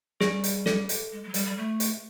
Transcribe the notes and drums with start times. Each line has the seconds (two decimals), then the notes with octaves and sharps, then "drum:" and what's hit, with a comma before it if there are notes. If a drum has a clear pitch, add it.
0.21 G3 G#4, drum: snare
0.44 drum: hi-hat
0.66 A4, drum: snare
0.89 drum: hi-hat
1.12 G#3
1.23 G#3
1.29 F#3
1.34 G3, drum: hi-hat
1.45 G3
1.58 A3
1.80 drum: hi-hat